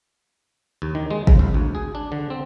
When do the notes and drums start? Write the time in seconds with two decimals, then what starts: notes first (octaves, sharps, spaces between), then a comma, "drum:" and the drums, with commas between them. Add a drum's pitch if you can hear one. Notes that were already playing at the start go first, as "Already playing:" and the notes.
0.82 D#2
0.95 D#3
1.11 G#3
1.27 C#3, drum: kick
1.39 C2
1.54 D2
1.75 G#4
1.95 D4
2.12 D3
2.30 C4